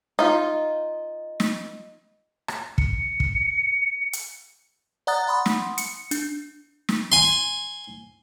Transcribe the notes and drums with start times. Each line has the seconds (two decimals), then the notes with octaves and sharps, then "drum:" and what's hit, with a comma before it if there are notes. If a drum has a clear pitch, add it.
0.19 D#4 F4
1.40 drum: snare
2.48 drum: rim click
2.78 C#7, drum: kick
3.20 drum: kick
4.13 drum: hi-hat
5.07 D5 F#5 A#5 D#6 F#6 A6
5.27 F#5 B5 C6 D#6
5.46 drum: snare
5.78 C#7, drum: hi-hat
6.11 D4, drum: hi-hat
6.89 drum: snare
7.12 G#5 C6